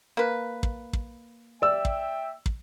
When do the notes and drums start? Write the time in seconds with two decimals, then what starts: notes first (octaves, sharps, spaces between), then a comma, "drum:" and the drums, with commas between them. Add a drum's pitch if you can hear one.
0.17 A#3 B4
0.63 drum: kick
0.93 drum: kick
1.62 D5 E5 G5 E6
1.85 drum: kick
2.46 drum: kick